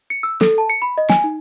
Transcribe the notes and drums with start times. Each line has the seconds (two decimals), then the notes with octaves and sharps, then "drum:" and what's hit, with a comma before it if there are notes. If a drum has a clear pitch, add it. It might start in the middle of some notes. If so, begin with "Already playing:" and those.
0.10 C#7
0.23 E6
0.41 A4, drum: snare
0.58 A5
0.70 C#7
0.82 B5
0.98 D#5
1.10 G#5, drum: snare
1.24 D#4